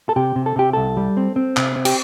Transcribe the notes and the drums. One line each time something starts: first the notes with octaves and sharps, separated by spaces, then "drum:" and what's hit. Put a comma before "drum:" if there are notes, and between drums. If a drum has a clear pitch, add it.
A4
C3 G4
C3
A4
C3 G4
C2 A4
G3
C4
C4
C3, drum: clap
C4
G4, drum: cymbal